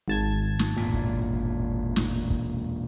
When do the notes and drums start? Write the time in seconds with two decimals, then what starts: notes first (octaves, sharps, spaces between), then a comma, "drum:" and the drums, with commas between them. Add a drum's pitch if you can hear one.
0.08 G#1 A5 G#6
0.59 drum: snare
0.76 E1 A#2
0.94 drum: kick
1.96 drum: snare
2.30 drum: kick